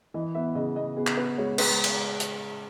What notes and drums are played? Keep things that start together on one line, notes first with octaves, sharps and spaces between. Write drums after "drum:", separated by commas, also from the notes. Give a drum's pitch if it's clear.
E3 D#5
B3 E5
C#3 D#5
B3 D#5
B3 G#4
drum: clap
B3 B4
G#3 C#5
G#3 B4, drum: cymbal
drum: cymbal
drum: hi-hat